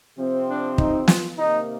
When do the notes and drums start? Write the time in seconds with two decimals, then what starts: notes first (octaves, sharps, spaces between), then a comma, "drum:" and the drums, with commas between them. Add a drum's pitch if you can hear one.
0.18 C3 F3 C4
0.48 D4
0.78 D#4, drum: kick
1.08 F4, drum: snare
1.38 C3 D#3 A#3 D#4